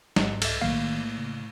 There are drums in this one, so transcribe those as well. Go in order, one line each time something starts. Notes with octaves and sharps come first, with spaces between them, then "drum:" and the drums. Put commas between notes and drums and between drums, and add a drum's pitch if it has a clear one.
A1 G#2, drum: snare
C2 A4 D#5 E5, drum: cymbal
B1 A2 D#3 A#3 F5
C#3